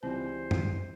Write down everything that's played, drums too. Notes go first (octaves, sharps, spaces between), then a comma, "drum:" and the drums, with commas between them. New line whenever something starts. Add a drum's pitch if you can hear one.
C#2 E3 G3 C4 C5
drum: tom F#2